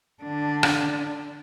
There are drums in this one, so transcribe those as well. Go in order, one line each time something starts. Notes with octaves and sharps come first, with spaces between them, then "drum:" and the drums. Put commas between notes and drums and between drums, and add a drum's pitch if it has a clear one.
D3 D4
drum: rim click